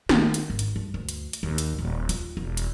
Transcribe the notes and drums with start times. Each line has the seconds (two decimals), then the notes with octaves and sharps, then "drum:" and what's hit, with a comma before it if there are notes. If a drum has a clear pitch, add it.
0.09 D#3, drum: snare
0.34 drum: hi-hat
0.50 G#1
0.59 drum: hi-hat
0.76 G2
0.94 D2
1.09 drum: hi-hat
1.33 drum: hi-hat
1.43 D#2
1.58 drum: hi-hat
1.79 D#1
2.09 F4, drum: hi-hat
2.37 E1
2.57 drum: hi-hat